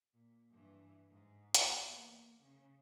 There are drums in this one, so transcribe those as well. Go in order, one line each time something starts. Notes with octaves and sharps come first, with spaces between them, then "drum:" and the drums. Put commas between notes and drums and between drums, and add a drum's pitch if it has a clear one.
A#2
G2 E3
G#2
E2, drum: hi-hat
A#3
C#3